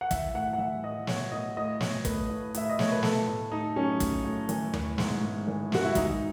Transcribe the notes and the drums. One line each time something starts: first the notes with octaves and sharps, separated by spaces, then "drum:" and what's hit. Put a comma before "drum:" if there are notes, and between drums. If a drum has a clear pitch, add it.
F#5
E3 E5, drum: kick, hi-hat
A2 F#5
F#5
E3 E5
A2 D#5
A2 C#5, drum: snare
A2 D#5
A2 D#5
A2 C#5, drum: snare
A3 B4, drum: kick, hi-hat
A2
A2 E5, drum: hi-hat
D#5
A3 C#5, drum: snare
B4
A3 A4, drum: snare
A2
A2 D#4
F#3 C#4
A2, drum: kick, hi-hat
A2
E3, drum: hi-hat
E3, drum: tom D#2
G#2, drum: snare
G#2
E3
G#2 F#4, drum: snare
E4
E3 D#4, drum: kick, hi-hat